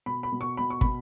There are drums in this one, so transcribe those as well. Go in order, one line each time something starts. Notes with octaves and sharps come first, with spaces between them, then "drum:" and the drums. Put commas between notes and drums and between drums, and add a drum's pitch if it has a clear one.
B2 B5
B5
B2
C#6
B2 B5
C#6
B2 B5, drum: kick